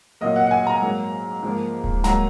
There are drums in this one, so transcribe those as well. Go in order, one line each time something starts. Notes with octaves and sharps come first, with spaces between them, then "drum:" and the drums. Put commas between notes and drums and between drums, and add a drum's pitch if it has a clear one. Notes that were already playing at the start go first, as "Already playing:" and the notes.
A#2 F#3 A#3 D#5
F#5
F#5
G#5
A#5
G#2 F#3 A#3
G#2 F3 A#3
drum: kick D1
G#2 F#3 A#3 A#5, drum: snare